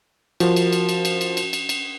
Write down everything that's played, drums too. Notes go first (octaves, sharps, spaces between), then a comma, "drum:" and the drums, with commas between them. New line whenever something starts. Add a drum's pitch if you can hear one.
F3 F#4 A#4, drum: cymbal
drum: cymbal
drum: cymbal
drum: cymbal
drum: cymbal
drum: cymbal
drum: cymbal
drum: cymbal
drum: cymbal